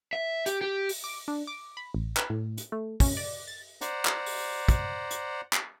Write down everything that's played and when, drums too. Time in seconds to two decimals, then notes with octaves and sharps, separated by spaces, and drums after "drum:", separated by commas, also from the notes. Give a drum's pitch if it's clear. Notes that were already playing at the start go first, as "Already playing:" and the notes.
0.13 E5
0.46 G4, drum: hi-hat
0.61 G4
0.89 drum: open hi-hat
1.04 D6
1.28 D4
1.47 D6
1.77 B5
1.94 A1
2.17 B4, drum: clap
2.30 A2
2.58 drum: hi-hat
2.72 A3
3.00 C#4, drum: kick, open hi-hat
3.17 D5
3.47 A6
3.81 C5 D5 F#5 A#5, drum: hi-hat
4.05 drum: clap
4.26 drum: open hi-hat
4.68 drum: kick, hi-hat
5.11 drum: hi-hat
5.53 drum: clap